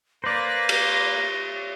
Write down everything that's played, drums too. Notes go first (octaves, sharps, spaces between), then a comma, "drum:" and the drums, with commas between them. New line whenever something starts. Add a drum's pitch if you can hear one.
A#3 B4 C5 D5 A#6
drum: cymbal